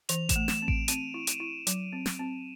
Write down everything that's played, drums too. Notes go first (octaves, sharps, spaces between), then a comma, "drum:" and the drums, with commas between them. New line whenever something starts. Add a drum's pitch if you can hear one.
E3 F7, drum: hi-hat
E7, drum: kick A1, hi-hat
A3
E7, drum: snare
C4
D7, drum: kick A1
C4 D#7, drum: hi-hat
E4
drum: hi-hat
E4
F#3, drum: hi-hat
C4
drum: snare
C4